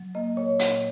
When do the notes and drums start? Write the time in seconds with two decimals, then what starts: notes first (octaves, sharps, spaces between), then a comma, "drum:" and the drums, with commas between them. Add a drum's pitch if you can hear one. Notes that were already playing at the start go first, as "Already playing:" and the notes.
Already playing: F#3
0.15 A#3 D#5
0.37 A#2 C#5
0.59 A#2, drum: hi-hat